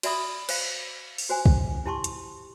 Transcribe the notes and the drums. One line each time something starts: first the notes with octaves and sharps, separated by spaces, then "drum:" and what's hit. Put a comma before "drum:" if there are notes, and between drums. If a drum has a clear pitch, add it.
F#4 D5 E5 B5 D#6, drum: cymbal
C5 F5, drum: cymbal
drum: open hi-hat
F#4 C5 G#5
drum: kick
E4 G4 A5 C6 C#6
drum: hi-hat